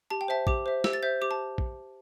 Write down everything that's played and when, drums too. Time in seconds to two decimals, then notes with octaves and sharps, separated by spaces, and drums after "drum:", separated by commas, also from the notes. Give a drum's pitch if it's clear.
0.10 G4 A5
0.21 G5
0.28 C5 E5 A5
0.47 G4 D6, drum: kick A#1
0.66 C5 E5
0.84 G4 E6, drum: snare
0.93 A6
1.03 C5 E5 G6
1.21 G4 D6
1.31 A5
1.58 drum: kick A#1